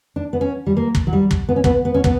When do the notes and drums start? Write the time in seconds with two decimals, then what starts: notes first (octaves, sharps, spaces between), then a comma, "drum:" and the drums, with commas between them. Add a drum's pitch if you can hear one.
0.16 D4
0.33 B3
0.41 C#4
0.67 G3
0.77 A#3
0.95 drum: kick
1.07 F#3
1.13 G3
1.31 drum: kick
1.49 B3
1.56 C#4
1.64 B3, drum: kick
1.85 B3
1.94 C#4
2.04 B3, drum: kick